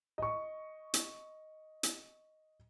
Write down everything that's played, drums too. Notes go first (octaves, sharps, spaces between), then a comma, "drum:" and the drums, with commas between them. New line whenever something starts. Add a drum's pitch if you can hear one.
D#5 C#6
drum: hi-hat
drum: hi-hat